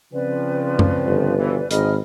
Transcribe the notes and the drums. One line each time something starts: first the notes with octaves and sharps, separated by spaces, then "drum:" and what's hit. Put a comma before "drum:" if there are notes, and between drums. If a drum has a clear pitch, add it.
C#3 F3 C4 B4 D5
drum: tom F#2
G1
B2 E3 F3
G#1 G#2 A#4 D#5 B5 F6, drum: hi-hat